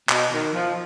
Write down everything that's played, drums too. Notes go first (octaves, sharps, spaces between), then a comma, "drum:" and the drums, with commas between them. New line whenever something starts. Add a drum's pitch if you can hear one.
B2, drum: clap
D#3
F3